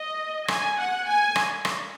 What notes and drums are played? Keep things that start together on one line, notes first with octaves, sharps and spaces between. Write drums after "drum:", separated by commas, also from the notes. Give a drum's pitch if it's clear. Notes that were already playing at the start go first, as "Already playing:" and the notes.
Already playing: D#5
G#5, drum: rim click
F#5
G#5
drum: rim click
drum: rim click